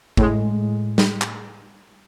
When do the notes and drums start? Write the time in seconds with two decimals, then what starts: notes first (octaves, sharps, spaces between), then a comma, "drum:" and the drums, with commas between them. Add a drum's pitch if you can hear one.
0.17 A2 G#3, drum: kick
0.98 drum: snare
1.21 drum: clap